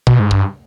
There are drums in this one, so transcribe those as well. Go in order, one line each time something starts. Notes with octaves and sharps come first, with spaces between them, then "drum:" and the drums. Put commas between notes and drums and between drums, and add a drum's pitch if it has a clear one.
B2, drum: kick
G#2
G2, drum: kick